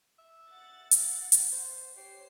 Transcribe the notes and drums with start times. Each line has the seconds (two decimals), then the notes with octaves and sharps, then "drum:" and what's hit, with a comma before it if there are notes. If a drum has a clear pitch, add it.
0.19 E5
0.48 F#5 A6
0.91 drum: hi-hat
1.32 drum: hi-hat
1.52 C5
1.97 G4 C5 C#5 C7